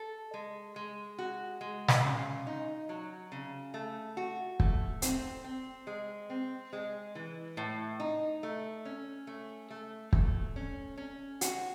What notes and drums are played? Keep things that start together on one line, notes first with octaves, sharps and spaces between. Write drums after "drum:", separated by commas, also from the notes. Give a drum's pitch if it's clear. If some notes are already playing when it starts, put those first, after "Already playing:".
Already playing: A4
G#3
G#3
F#4
G#3
drum: snare
C#3
D#4
F#3
C#3
A3
F#4
A3, drum: kick
C4, drum: hi-hat
C4
G#3
C4
G#3
E3
A2
D#4
A3
C#4
A3
A3
A3, drum: kick
C#4
C#4
F#4, drum: hi-hat